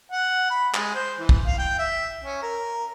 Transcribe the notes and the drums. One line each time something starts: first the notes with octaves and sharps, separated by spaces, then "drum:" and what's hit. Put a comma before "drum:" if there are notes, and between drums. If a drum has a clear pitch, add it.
F#5
B5
G#3, drum: clap
C5
E3
drum: kick
F5
G5
E5
C#4
A#4